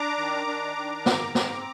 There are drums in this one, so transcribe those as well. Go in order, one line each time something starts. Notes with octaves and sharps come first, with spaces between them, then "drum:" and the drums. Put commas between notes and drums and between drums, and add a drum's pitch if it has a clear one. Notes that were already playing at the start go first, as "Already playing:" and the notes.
Already playing: D4 A#5 D6
D#3
D4
D#3
G#2, drum: snare
C4, drum: snare